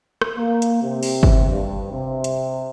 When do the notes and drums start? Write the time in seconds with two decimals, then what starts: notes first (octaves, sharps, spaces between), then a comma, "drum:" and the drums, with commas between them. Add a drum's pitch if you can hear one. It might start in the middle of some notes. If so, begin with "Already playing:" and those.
0.21 drum: rim click
0.36 A#3
0.62 drum: hi-hat
0.82 C3
1.03 drum: open hi-hat
1.23 drum: kick
1.50 G2
1.92 C3
2.24 drum: hi-hat